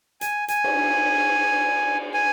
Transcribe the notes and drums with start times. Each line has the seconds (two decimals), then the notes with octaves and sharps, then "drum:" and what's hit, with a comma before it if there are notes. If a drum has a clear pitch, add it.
0.21 G#5, drum: hi-hat
0.48 G#5, drum: hi-hat
0.64 drum: cymbal
2.14 G#5